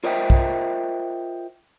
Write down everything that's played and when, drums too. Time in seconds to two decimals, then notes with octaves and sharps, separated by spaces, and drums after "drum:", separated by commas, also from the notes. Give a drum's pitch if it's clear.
0.04 F4 A#4 C5 D#5 E5 G5
0.30 drum: kick